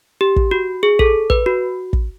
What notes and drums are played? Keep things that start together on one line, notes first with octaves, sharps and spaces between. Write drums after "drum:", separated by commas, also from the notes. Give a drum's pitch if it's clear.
G4
drum: kick
F#4
G#4
A4, drum: kick
B4, drum: kick
F#4
drum: kick